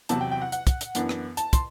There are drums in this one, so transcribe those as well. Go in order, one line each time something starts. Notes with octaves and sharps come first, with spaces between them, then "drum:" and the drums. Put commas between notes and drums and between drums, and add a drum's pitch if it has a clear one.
E2 C3 F#3 A5, drum: hi-hat
G5
G5
F#5
F#5, drum: hi-hat
drum: kick, hi-hat
drum: hi-hat
F#2 E3 B3 D4, drum: hi-hat
drum: rim click
A5, drum: hi-hat
C6, drum: kick, hi-hat